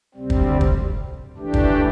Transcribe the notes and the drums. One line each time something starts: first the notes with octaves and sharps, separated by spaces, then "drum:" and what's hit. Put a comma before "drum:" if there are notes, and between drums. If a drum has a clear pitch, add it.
D2 C3 G3 C4
drum: kick
drum: kick
E3 A3 D4 G4
drum: kick